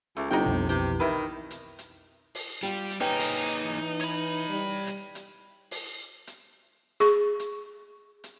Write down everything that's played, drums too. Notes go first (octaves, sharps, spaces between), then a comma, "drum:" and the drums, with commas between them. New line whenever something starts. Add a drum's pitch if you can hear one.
C#2 A3
G1 C3 D#4 F#4 G5
B1 F2 B2
C3 E3 G5, drum: hi-hat
D#3 E4 B4
drum: hi-hat
drum: hi-hat
drum: open hi-hat
G3 F4 G4
drum: hi-hat
A#3 C#4 D#4 G#4 B4 G5
drum: open hi-hat
E3
C#5 B5, drum: hi-hat
G3
drum: hi-hat
drum: hi-hat
drum: open hi-hat
drum: hi-hat
G#4 C#6
drum: hi-hat
drum: hi-hat